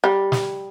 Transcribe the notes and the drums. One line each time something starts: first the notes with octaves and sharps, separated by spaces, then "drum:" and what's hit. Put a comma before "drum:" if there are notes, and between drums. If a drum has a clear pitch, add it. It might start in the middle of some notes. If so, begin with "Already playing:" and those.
G3
drum: snare